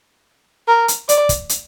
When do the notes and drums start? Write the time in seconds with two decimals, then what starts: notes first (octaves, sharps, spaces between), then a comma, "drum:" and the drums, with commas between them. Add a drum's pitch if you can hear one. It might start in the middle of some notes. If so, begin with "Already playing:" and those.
0.68 A#4
0.88 drum: hi-hat
1.09 D5, drum: hi-hat
1.29 drum: kick, hi-hat
1.49 drum: hi-hat